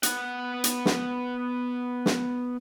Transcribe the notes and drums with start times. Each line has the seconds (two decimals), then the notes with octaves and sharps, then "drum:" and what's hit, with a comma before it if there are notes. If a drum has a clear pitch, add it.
0.03 B3 F#5, drum: hi-hat
0.64 drum: hi-hat
0.86 drum: snare
2.06 drum: snare